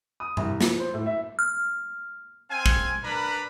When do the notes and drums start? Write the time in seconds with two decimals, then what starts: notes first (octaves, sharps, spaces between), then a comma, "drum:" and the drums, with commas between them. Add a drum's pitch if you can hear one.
0.20 D#6
0.37 C2, drum: tom G2
0.61 F3, drum: snare
0.80 C5
0.94 A2
1.06 E5
1.39 F6
2.50 C4 F5 G#5
2.66 drum: kick
3.04 D4 A#4 B4 A#5 B5